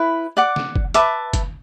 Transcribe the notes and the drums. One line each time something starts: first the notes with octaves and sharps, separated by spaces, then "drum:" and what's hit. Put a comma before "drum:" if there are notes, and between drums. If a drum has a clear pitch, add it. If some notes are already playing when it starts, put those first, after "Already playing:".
Already playing: E4 B4
D5 F#5 D6
drum: snare
drum: kick F#1
B4 E5 A5 D6, drum: hi-hat
drum: kick F#1, hi-hat